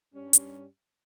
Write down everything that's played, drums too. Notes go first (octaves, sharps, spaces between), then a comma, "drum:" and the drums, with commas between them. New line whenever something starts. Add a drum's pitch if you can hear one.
G2 G3 C#4
drum: hi-hat